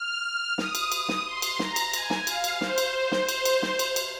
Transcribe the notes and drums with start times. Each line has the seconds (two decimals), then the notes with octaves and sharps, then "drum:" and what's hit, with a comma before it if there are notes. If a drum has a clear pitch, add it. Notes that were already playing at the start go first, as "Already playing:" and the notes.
Already playing: F6
0.58 D#6, drum: snare
0.75 drum: cymbal
0.92 D#6, drum: cymbal
1.09 drum: snare
1.26 C6
1.42 drum: cymbal
1.59 A#5, drum: snare
1.76 drum: cymbal
1.93 G#5, drum: cymbal
2.10 drum: snare
2.27 F5, drum: cymbal
2.44 drum: cymbal
2.61 C5, drum: snare
2.78 drum: cymbal
3.12 drum: snare
3.29 drum: cymbal
3.45 drum: cymbal
3.62 drum: snare
3.79 drum: cymbal
3.96 drum: cymbal